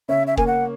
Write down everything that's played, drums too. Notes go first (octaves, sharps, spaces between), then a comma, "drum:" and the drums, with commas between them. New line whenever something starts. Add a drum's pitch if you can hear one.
C#3 C#4 E5
E5
A#3 G#5, drum: kick
F#5